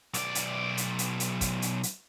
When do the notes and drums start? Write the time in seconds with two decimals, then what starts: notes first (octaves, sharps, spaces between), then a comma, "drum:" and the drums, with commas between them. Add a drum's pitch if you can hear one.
0.14 B1 D5, drum: hi-hat
0.35 drum: hi-hat
0.77 drum: hi-hat
0.99 drum: hi-hat
1.20 drum: hi-hat
1.41 drum: kick, hi-hat
1.62 drum: hi-hat
1.83 drum: hi-hat